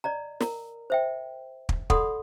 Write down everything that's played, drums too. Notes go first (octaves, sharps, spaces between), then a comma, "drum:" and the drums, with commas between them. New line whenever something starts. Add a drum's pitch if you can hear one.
D5 D#5 A#5
A#4 A#5, drum: snare
C5 E5 G5
drum: kick
A4 D5 F#5 B5 C6 D#6, drum: kick